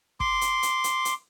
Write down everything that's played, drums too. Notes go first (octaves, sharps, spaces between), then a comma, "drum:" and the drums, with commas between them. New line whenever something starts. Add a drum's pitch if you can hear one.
C6 D6, drum: kick
drum: hi-hat
drum: hi-hat
drum: hi-hat
drum: hi-hat